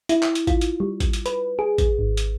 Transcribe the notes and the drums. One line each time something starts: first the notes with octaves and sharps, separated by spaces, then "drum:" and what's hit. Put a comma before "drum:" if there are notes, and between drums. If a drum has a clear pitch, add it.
E4, drum: hi-hat
drum: clap
drum: hi-hat
F4, drum: kick G#1, hi-hat
drum: hi-hat
G3
drum: kick G#1, hi-hat
drum: hi-hat
B4, drum: hi-hat
G#4
drum: kick G#1, hi-hat
G#1
drum: hi-hat